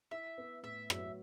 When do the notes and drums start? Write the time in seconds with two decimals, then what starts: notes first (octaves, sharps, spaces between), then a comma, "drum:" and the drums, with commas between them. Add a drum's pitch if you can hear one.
0.11 E4 E5
0.38 B3
0.63 A2 E5
0.90 F#3, drum: rim click